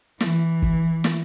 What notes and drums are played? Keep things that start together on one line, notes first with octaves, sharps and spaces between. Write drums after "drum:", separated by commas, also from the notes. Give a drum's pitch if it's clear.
E3, drum: snare
drum: kick
drum: snare